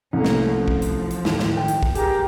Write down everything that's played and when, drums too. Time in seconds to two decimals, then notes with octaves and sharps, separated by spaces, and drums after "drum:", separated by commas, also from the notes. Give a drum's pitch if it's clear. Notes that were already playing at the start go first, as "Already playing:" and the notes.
0.13 C2 A3 A#3 C#4
0.25 drum: snare
0.49 F3
0.68 drum: kick
0.82 drum: hi-hat
1.11 drum: hi-hat
1.25 D#2 A2, drum: snare
1.39 drum: snare
1.57 G5
1.68 drum: hi-hat
1.83 drum: kick
1.95 G4 G#4 A#4, drum: hi-hat